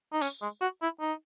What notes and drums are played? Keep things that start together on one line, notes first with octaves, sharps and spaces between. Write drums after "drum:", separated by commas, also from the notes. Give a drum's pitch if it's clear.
D#4
C#4, drum: open hi-hat
G#3
F#4
E4
D#4